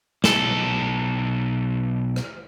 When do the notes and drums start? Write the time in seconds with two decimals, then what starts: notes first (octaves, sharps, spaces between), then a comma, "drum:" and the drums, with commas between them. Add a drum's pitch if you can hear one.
0.24 B1 A4, drum: snare
2.16 drum: rim click